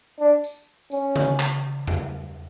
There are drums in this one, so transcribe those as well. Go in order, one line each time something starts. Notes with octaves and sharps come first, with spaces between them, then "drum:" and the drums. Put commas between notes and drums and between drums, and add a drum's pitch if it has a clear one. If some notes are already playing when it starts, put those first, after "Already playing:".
D4
drum: tambourine
C#4, drum: tambourine
drum: tom C#3
drum: clap
drum: tom E2